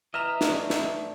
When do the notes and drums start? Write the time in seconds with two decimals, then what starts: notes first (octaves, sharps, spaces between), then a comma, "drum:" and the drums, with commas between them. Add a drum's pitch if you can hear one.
0.14 E3 D#5 E5 A#5 F6 E7
0.41 A3 D4, drum: snare
0.70 drum: snare